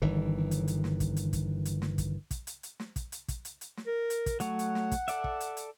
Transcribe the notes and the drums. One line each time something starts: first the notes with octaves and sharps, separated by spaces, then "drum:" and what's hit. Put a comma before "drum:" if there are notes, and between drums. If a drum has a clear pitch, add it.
G1 D#3 E3
drum: hi-hat
drum: hi-hat
drum: snare
drum: kick, hi-hat
drum: hi-hat
drum: kick, hi-hat
drum: hi-hat
drum: snare
drum: kick, hi-hat
drum: kick, hi-hat
drum: hi-hat
drum: hi-hat
drum: snare
drum: kick, hi-hat
drum: hi-hat
drum: kick, hi-hat
drum: hi-hat
drum: hi-hat
drum: snare
A#4
drum: hi-hat
drum: kick, hi-hat
F#3 A3 C#5 F#5, drum: hi-hat
drum: hi-hat
drum: snare
drum: kick, hi-hat
A4 D5 E5, drum: hi-hat
drum: kick
drum: hi-hat
drum: hi-hat